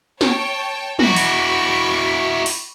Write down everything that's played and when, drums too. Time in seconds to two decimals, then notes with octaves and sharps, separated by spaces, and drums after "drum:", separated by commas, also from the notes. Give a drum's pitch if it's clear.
0.21 C#5 G5 A5, drum: snare
0.99 E4 F#4 B5 C#6 D6, drum: tom
1.16 drum: open hi-hat
2.46 drum: open hi-hat